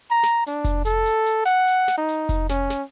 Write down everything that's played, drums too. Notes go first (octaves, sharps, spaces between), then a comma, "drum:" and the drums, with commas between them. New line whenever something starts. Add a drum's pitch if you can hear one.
A#5
drum: snare
D4, drum: hi-hat
drum: kick F1, hi-hat
A4, drum: hi-hat
drum: hi-hat
drum: hi-hat
F#5, drum: hi-hat
drum: hi-hat
drum: snare
D#4
drum: hi-hat
drum: kick F1, hi-hat
C#4, drum: snare
drum: snare